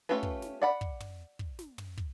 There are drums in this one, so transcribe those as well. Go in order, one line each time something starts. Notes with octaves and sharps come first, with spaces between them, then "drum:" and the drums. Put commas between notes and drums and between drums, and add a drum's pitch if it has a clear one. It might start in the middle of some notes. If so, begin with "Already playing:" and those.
A3 C#4 F4 G4 B4
drum: kick
drum: snare
D5 F#5 B5
drum: kick
drum: tom
drum: kick
drum: snare
drum: tom
drum: kick